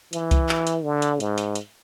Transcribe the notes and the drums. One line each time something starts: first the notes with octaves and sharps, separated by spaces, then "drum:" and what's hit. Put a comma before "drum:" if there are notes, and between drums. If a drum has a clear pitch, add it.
E3, drum: hi-hat
drum: kick C2, hi-hat
drum: clap
drum: hi-hat
D3
drum: hi-hat
G#2, drum: hi-hat
drum: hi-hat
drum: hi-hat